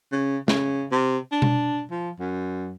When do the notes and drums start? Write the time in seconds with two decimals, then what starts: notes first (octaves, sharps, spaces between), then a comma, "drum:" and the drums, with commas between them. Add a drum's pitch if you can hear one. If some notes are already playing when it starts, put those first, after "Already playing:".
0.12 C#3
0.48 C#3, drum: snare
0.92 C3
1.32 D4
1.42 drum: tom B2
1.91 F3
2.19 F#2